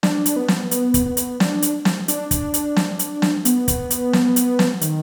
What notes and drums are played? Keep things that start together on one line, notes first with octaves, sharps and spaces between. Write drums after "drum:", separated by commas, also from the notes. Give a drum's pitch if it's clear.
D4, drum: snare
drum: hi-hat
B3
drum: snare
B3, drum: hi-hat
drum: kick, hi-hat
B3
drum: hi-hat
D4, drum: snare
drum: hi-hat
drum: snare
D4, drum: hi-hat
drum: kick, hi-hat
drum: hi-hat
drum: snare
drum: hi-hat
drum: snare
B3, drum: hi-hat
drum: kick, hi-hat
drum: hi-hat
drum: snare
drum: hi-hat
drum: snare
D#3, drum: hi-hat